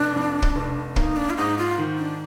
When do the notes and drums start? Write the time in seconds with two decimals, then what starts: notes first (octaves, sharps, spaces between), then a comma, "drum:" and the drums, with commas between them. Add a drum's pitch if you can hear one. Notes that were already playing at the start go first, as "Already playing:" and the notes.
Already playing: F1 D4
0.16 F2
0.42 drum: kick
0.56 F1
0.96 A#3 D#4, drum: kick
1.17 D4
1.30 F4
1.37 G#2 D#4
1.58 F4
1.78 D#3
1.98 D4